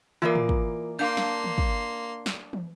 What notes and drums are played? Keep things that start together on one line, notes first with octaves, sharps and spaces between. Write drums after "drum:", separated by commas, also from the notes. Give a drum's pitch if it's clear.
E3 A#3 F4 A#4 D5
drum: tom A2
drum: kick
A#3 D4 F5 C6 G6
drum: snare
drum: tom D#3
drum: kick
drum: snare
drum: tom